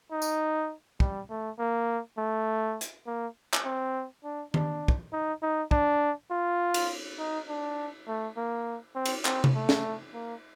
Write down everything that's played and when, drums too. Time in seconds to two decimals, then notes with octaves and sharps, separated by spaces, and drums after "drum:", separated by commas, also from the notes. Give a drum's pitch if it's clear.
0.12 D#4
0.22 drum: tambourine
1.00 G3, drum: kick
1.30 A3
1.59 A#3
2.17 A3
2.81 drum: hi-hat
3.06 A#3
3.53 drum: clap
3.65 C4
4.24 D4
4.54 D4, drum: tom D#3
4.88 drum: kick
5.12 D#4
5.42 D#4
5.71 D4, drum: kick
6.31 F4
6.74 drum: cymbal
7.19 D#4
7.48 D4
8.08 A3
8.37 A#3
8.95 C4
9.05 drum: cymbal
9.25 C4, drum: clap
9.44 drum: tom C3
9.55 A3
9.69 drum: snare
10.14 A#3